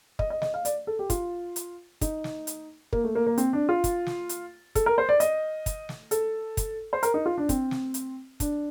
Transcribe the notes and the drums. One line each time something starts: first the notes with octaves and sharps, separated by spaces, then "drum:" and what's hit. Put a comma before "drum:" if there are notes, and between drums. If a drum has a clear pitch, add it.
D#5, drum: kick
D#5
D#5, drum: snare
F5
D5, drum: hi-hat
A4
G4
F4, drum: kick, hi-hat
drum: hi-hat
D#4, drum: kick, hi-hat
drum: snare
drum: hi-hat
A#3, drum: kick
A3
A#3
A#3
C4, drum: hi-hat
D4
F4
drum: kick, hi-hat
drum: snare
drum: hi-hat
A4, drum: kick, hi-hat
A#4
C5
D5
D#5, drum: hi-hat
drum: kick, hi-hat
drum: snare
A4, drum: hi-hat
drum: kick, hi-hat
C5
A#4, drum: hi-hat
D#4
F4
D4
C4, drum: kick, hi-hat
drum: snare
drum: hi-hat
D4, drum: kick, hi-hat